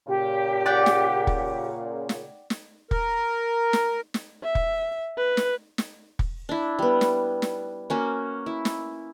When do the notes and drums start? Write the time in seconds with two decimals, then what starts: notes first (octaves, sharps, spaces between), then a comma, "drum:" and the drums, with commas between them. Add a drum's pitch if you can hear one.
0.07 A#2 C#3 G4
0.66 D5 F#5 G5
0.86 drum: snare
1.27 drum: kick
2.09 drum: snare
2.50 drum: snare
2.91 A#4, drum: kick
3.73 drum: snare
4.14 drum: snare
4.43 E5
4.55 drum: kick
5.18 B4
5.37 drum: snare
5.78 drum: snare
6.19 drum: kick
6.49 D4 E4
6.79 G3 B3
7.01 drum: snare
7.42 drum: snare
7.90 A#3 C#4 F#4
8.46 E4
8.65 drum: snare